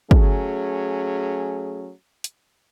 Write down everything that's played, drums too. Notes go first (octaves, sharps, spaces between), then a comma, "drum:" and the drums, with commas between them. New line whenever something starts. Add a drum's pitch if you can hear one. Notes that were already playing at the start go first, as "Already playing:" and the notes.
F#3 A3 C#4 G#4, drum: kick
drum: hi-hat